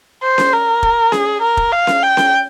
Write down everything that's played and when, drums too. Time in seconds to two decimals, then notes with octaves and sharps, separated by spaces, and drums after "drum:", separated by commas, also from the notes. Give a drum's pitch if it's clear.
0.23 C5
0.38 drum: snare C#4
0.53 A#4
0.83 drum: kick
1.12 G#4, drum: snare C#4
1.42 A#4
1.57 drum: kick
1.72 F5
1.87 drum: snare C#4
2.03 G5
2.17 drum: snare C#4